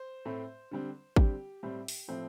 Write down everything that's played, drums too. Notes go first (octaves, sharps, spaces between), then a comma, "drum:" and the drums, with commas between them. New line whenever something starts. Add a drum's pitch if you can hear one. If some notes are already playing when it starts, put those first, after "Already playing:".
Already playing: C5
A2 A3 C4
D3 G3 C4
D3 G3 C4 G4, drum: kick
A2 G3 C4
drum: open hi-hat
A2 F3 A3 C4